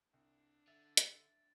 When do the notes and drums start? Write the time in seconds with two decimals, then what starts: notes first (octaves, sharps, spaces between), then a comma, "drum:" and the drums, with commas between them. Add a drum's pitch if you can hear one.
0.13 C2 D4
0.68 D3 E5 A6
0.97 drum: hi-hat